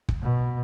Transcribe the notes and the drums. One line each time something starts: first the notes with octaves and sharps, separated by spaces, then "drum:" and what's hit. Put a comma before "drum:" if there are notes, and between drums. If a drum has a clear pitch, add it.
drum: kick
B2